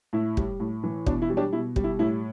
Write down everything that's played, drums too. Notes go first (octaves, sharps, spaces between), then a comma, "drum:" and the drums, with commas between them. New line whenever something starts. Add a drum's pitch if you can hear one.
A2 E4
G3, drum: kick
A2
E3
B2 D4, drum: kick
E4
G3
D4 G4
B2 E4
G3, drum: kick
E4
A2 E4